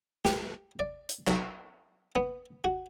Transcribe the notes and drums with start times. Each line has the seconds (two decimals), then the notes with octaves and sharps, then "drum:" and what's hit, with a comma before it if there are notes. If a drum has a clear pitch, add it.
0.25 G4, drum: snare
0.79 D5
1.09 drum: hi-hat
1.27 B1, drum: clap
2.16 B3
2.64 F#4